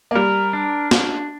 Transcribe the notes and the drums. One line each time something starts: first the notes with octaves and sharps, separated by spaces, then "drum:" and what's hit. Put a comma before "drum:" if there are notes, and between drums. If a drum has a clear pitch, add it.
A#3
G3 A#4
D4
drum: snare